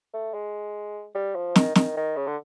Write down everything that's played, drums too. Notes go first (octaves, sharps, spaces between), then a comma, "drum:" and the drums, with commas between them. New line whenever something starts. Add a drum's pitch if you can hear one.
A3
G#3
G3
F3
D#3, drum: snare
D#3, drum: snare
D#3
C#3
D3